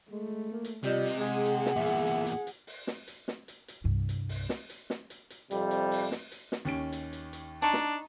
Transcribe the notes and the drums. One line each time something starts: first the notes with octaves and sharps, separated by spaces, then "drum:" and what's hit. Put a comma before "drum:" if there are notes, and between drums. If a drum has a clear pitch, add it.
G#3 A3
A#3
drum: hi-hat
C3 G3 F4 D#5, drum: hi-hat
drum: open hi-hat
G#3 G#4 F#5
drum: hi-hat
drum: snare
E2 A#2 E5
drum: hi-hat
drum: hi-hat
drum: hi-hat
drum: hi-hat
drum: open hi-hat
drum: snare
drum: hi-hat
drum: snare
drum: hi-hat
drum: hi-hat
C2 G2
drum: hi-hat
drum: open hi-hat
drum: snare
drum: hi-hat
drum: snare
drum: hi-hat
drum: hi-hat
F2 C3 G3, drum: hi-hat
drum: hi-hat
drum: open hi-hat
drum: snare
drum: hi-hat
drum: snare
D#2 C#4 D7
drum: hi-hat
drum: hi-hat
drum: hi-hat
D4 D#4 A5 C#6
drum: snare